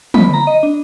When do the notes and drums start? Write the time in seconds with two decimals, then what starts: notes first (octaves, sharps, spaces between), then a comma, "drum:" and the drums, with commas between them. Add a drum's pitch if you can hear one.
0.14 B5, drum: tom
0.33 A#5
0.47 D#5
0.63 D4